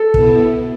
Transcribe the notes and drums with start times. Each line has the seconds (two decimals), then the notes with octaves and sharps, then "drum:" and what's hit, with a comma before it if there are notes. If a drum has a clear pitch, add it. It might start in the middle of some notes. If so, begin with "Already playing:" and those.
Already playing: A4
0.14 B2 B3 E4, drum: kick